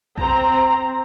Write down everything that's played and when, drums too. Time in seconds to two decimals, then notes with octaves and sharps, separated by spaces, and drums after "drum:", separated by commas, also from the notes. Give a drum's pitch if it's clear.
0.18 C4 A#5, drum: kick B1